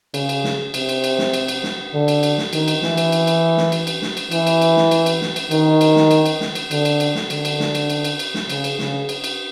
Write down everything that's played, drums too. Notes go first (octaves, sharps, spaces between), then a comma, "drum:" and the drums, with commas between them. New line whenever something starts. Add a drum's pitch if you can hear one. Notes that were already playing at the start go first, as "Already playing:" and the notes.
C#3, drum: cymbal
drum: cymbal
drum: snare
C3, drum: cymbal
drum: cymbal
drum: cymbal
drum: snare
drum: cymbal
drum: cymbal
drum: snare
D3
drum: cymbal
drum: cymbal
drum: snare
D#3, drum: cymbal
drum: cymbal
E3, drum: snare
drum: cymbal
drum: cymbal
drum: cymbal
drum: snare
drum: cymbal
drum: cymbal
drum: snare
drum: cymbal
E3, drum: cymbal
drum: cymbal
drum: cymbal
drum: snare
drum: cymbal
drum: cymbal
drum: snare
drum: cymbal
D#3, drum: cymbal
drum: cymbal
drum: snare
drum: cymbal
drum: cymbal
drum: snare
drum: cymbal
D3, drum: cymbal
drum: cymbal
drum: cymbal
drum: snare
D3, drum: cymbal
drum: cymbal
drum: snare
drum: cymbal
drum: cymbal
drum: cymbal
drum: cymbal
drum: snare
C#3, drum: cymbal
drum: cymbal
C#3, drum: snare
drum: cymbal
drum: cymbal